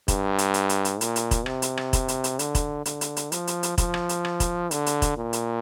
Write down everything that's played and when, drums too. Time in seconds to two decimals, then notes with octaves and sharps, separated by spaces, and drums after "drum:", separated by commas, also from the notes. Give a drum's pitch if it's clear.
0.08 G2, drum: kick, hi-hat
0.38 drum: hi-hat
0.54 drum: hi-hat
0.69 drum: hi-hat
0.85 drum: hi-hat
1.01 A#2, drum: hi-hat
1.16 drum: hi-hat
1.31 drum: kick, hi-hat
1.46 C3, drum: rim click
1.62 drum: hi-hat
1.77 drum: rim click
1.93 drum: kick, hi-hat
2.08 drum: hi-hat
2.24 drum: hi-hat
2.39 D3, drum: hi-hat
2.55 drum: kick, hi-hat
2.86 D3, drum: hi-hat
3.01 drum: hi-hat
3.17 drum: hi-hat
3.32 F3, drum: hi-hat
3.47 drum: hi-hat
3.63 drum: hi-hat
3.78 F3, drum: kick, hi-hat
3.94 drum: rim click
4.09 drum: hi-hat
4.25 drum: rim click
4.40 drum: kick, hi-hat
4.71 D3, drum: hi-hat
4.86 drum: hi-hat
5.02 drum: kick, hi-hat
5.17 A#2
5.33 drum: hi-hat